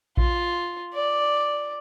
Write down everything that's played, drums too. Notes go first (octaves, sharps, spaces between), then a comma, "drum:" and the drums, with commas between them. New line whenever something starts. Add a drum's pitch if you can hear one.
F4, drum: kick A#1
D5